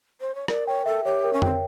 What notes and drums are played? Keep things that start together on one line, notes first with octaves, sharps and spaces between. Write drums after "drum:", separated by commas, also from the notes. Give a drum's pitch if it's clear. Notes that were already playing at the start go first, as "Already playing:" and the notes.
C5
C#5
A#4 D5, drum: rim click
C#5 G5
A4 E5
G4 C#5
A#4
C#4
C4 G5, drum: tom F2